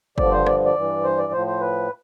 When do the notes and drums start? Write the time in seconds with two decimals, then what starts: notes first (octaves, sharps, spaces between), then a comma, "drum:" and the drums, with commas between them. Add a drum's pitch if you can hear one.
0.18 G2 D3 F3 D5, drum: kick
0.32 C5
0.46 D5, drum: rim click
0.65 D5
0.76 G2 E3
1.04 C5
1.18 D5
1.32 A2 F3 C5
1.47 C5
1.61 B4